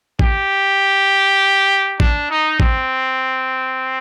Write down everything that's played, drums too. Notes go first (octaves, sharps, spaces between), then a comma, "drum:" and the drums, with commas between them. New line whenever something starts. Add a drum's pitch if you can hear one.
G4, drum: kick
D4, drum: kick
D#4
C4, drum: kick